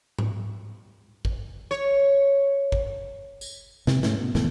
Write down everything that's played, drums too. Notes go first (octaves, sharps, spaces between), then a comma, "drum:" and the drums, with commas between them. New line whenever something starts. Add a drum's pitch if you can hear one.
drum: tom G#2
drum: kick
C#5
drum: kick
drum: tambourine
C3, drum: snare
G#2 A3 C#4, drum: snare
B2
G#1 E2 B2 A3, drum: snare